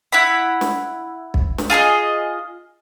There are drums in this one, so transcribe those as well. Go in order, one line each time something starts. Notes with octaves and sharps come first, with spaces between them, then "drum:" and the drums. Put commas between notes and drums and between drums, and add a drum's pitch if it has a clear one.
E4 F#5 B5
drum: snare
drum: kick
drum: snare
F4 G#4 A4 D#5